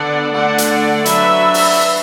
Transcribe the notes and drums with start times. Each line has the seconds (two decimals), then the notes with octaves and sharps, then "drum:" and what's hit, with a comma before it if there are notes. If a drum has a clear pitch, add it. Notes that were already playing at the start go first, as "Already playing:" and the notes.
Already playing: D3 B3 D4 D5 F#5
0.34 D3 A3 D4 D5 F#5
0.58 drum: hi-hat
0.70 D5 F#5
1.06 F#3 D4 B4 E5, drum: hi-hat
1.54 drum: open hi-hat